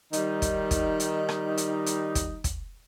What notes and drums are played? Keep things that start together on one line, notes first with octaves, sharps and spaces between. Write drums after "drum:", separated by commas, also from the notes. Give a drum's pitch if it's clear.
D#3 G3 D#4, drum: hi-hat
drum: kick, hi-hat
drum: kick, hi-hat
drum: hi-hat
drum: rim click
drum: hi-hat
drum: hi-hat
drum: kick, hi-hat
drum: kick, hi-hat